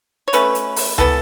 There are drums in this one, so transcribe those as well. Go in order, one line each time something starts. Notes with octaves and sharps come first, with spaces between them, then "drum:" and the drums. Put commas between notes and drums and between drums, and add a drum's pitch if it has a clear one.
C#5
B2 A3 C#4 B4, drum: hi-hat
drum: hi-hat
drum: open hi-hat
E3 B3 A4, drum: tom C#2